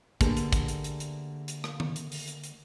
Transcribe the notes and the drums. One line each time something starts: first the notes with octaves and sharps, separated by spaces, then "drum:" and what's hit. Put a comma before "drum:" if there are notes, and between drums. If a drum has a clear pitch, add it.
D3 A3 A#3 G4 G#4 B4, drum: kick, hi-hat
drum: hi-hat
drum: kick, hi-hat
drum: hi-hat
drum: hi-hat
drum: hi-hat
drum: hi-hat
drum: rim click
drum: tom D#3
drum: hi-hat
drum: open hi-hat
drum: hi-hat
drum: hi-hat